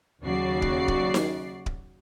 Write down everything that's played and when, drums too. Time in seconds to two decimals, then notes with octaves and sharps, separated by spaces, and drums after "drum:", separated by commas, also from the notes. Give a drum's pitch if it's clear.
0.23 D#2 C#3 F#3 F#4 D5 C7
0.62 drum: kick D1
0.88 drum: kick D1
1.14 drum: snare D#4
1.66 drum: kick D1